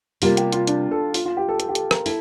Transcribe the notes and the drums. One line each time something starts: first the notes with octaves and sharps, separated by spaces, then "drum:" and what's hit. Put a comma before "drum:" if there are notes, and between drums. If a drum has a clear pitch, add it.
C3 G3 A#3 F4, drum: open hi-hat
G4, drum: hi-hat
F4, drum: hi-hat
D4, drum: hi-hat
A4
F4, drum: open hi-hat
F4
G4
A4
A4, drum: hi-hat
G4
A4, drum: hi-hat
A#4, drum: rim click
E4 A4, drum: open hi-hat